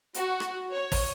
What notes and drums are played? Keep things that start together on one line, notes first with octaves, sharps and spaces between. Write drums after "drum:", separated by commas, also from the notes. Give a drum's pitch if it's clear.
F#4, drum: hi-hat
drum: rim click
C#5
drum: kick, open hi-hat